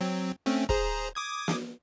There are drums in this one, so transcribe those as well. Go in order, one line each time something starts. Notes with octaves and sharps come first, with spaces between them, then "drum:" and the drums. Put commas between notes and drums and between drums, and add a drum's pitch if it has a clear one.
F#3 C4
A3 C4 C#4
G#4 C5 A#5, drum: kick
D6 D#6 G#6
drum: snare